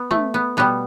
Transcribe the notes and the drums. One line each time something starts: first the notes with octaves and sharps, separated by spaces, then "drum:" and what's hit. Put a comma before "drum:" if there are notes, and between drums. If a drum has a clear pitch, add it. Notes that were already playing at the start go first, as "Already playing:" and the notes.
Already playing: B3
A3, drum: tom
B3
B2 G3 B3